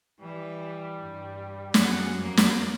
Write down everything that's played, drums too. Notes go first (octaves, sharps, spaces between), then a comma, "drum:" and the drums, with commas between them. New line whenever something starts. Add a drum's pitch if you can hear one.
E3 G3
G2
F#2 F#3 G#4 F#5, drum: snare
F2 A#3
drum: snare